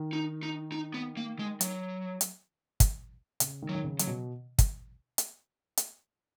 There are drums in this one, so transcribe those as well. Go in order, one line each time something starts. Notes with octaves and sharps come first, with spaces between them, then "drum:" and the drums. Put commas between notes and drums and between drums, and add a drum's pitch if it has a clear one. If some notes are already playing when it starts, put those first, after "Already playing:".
Already playing: D#3
D#4
D#4
D#4
B3
A#3
G#3
F#3, drum: hi-hat
drum: hi-hat
drum: kick, hi-hat
C#3, drum: hi-hat
D#3
F#3
D#3
C#3
F#3, drum: hi-hat
B2
drum: kick, hi-hat
drum: hi-hat
drum: hi-hat